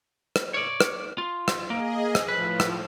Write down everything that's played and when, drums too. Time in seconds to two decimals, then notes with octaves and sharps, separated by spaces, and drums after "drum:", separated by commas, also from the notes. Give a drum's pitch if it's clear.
0.36 drum: rim click
0.54 C#5 D5
0.81 drum: rim click
1.18 F4
1.48 drum: rim click
1.70 A#3 G#4 D#5
2.15 drum: rim click
2.28 A2 F3 B4
2.60 drum: rim click